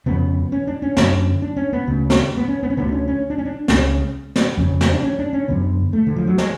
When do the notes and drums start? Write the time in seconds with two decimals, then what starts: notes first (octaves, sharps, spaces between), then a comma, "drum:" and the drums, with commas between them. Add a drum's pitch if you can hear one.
0.06 F2 C#3 B3
0.52 C#4
0.67 D4
0.82 C#4
0.97 F#2 D3, drum: snare
1.42 D4
1.57 C#4
1.73 B3
1.87 D2 C#3
2.10 drum: snare
2.37 B3
2.48 C#4
2.63 B3
2.70 C#4
2.77 D2 D3 B3
2.88 D4
2.93 C#4
3.08 C#4
3.30 D4
3.38 C#4
3.45 D4
3.68 C#2 C#3, drum: snare
4.36 drum: snare
4.58 F2 C#3 C#4
4.81 drum: snare
4.93 D4
5.03 C#4
5.19 D4
5.33 C#4
5.48 F#2 D3 B3
5.93 A3
6.07 D3
6.16 F3
6.27 F#3
6.38 G#3, drum: snare